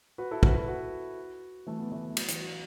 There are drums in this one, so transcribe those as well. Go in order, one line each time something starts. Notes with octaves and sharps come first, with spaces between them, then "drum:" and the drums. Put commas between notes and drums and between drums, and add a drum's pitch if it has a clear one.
F#4 B4
E4 A4
F#4 B4, drum: kick
F#4 B4
F#4 B4
E3 A3
F#3 B3
E3 A3
E3
F#3, drum: cymbal
E3, drum: hi-hat
F#3